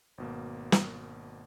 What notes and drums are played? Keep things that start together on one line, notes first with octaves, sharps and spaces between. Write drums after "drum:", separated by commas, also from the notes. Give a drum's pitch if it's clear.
G#1 B2 A#3
drum: snare